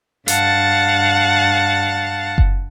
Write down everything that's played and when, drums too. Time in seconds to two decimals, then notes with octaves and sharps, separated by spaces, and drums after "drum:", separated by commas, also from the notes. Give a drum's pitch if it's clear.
0.28 G2 F5 F#5 A5 A6, drum: hi-hat
2.38 drum: kick F#1